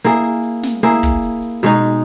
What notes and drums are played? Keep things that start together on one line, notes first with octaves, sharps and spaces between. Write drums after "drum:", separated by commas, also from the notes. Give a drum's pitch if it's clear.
A#3 E4 G#4, drum: hi-hat
drum: hi-hat
drum: hi-hat
drum: snare
A#3 E4 G#4, drum: hi-hat
drum: kick, hi-hat
drum: hi-hat
drum: hi-hat
B2 G#3 D#4, drum: hi-hat